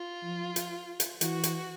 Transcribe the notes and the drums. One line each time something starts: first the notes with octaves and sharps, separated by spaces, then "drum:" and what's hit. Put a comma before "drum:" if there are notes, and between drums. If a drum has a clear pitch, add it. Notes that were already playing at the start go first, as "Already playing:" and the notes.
Already playing: F4
F3
drum: hi-hat
drum: hi-hat
E3 F#4, drum: hi-hat
drum: hi-hat